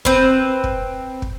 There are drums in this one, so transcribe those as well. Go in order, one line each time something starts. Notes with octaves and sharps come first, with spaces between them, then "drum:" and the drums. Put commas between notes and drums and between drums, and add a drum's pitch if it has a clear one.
C4 B4, drum: kick
drum: kick
drum: kick